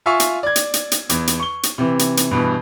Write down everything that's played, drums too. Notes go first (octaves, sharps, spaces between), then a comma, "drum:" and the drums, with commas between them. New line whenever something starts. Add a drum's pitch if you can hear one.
F4 E5 F5 G#5 C#6
drum: hi-hat
D5 G#6
drum: hi-hat
drum: hi-hat
drum: hi-hat
E2, drum: hi-hat
drum: hi-hat
C#6 G7
drum: hi-hat
C3 E3
drum: hi-hat
drum: hi-hat
G2 B2 E3